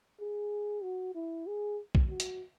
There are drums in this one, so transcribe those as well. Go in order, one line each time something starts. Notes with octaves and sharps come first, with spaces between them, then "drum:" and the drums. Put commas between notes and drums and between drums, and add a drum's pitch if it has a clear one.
G#4
F#4
E4
G#4
drum: kick B1
F#4
drum: hi-hat